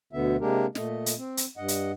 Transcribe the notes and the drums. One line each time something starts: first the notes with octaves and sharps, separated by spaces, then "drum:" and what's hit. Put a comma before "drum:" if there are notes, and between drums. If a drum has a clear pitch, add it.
D2 B2 D3 B3 E5
C3 G#3 A#3 D4 G4 A#4
A#2 A3 D#5, drum: snare
drum: hi-hat
C4
drum: hi-hat
G2 D#5 F#5
drum: hi-hat